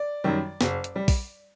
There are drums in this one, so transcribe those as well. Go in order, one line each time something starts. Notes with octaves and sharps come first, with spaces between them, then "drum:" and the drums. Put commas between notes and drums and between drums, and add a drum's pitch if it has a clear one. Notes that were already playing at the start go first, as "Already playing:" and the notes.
Already playing: D5
F#2 D#3 G3
F#1, drum: snare
drum: hi-hat
G3
drum: kick, open hi-hat